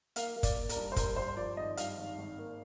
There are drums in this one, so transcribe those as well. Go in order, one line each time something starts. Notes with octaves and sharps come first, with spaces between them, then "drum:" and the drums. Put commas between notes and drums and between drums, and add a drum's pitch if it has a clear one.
A#3 F5, drum: hi-hat
A#3
D5, drum: kick, hi-hat
A#3
A#4, drum: hi-hat
G2
C5
G2 A#4, drum: kick, hi-hat
G2 C5
F3 D5
G#1 D#5
G2 F5, drum: hi-hat
G#1
G#1
A#3